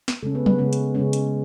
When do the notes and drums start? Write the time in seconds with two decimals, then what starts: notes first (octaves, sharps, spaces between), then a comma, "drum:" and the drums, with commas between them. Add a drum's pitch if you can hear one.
0.08 drum: snare
0.22 C#3 G#3 A3 C#4 A4
0.35 B3 B4
0.46 B3 B4, drum: tom
0.58 C#3 G#3 C#4
0.73 drum: hi-hat
0.95 C#3 G#3 C#4
1.13 drum: hi-hat